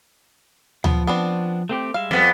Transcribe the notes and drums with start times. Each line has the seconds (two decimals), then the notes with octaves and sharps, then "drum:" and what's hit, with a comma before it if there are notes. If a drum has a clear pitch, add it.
0.84 F3 B3, drum: tom D2
1.07 B3 C4 D4
1.69 A3 C4 G4
1.94 G3 G#3 E5 F5
2.11 F2 B3